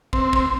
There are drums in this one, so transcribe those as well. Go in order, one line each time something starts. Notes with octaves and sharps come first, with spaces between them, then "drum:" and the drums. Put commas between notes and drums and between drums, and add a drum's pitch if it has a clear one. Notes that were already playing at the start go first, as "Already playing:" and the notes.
C4, drum: kick
drum: kick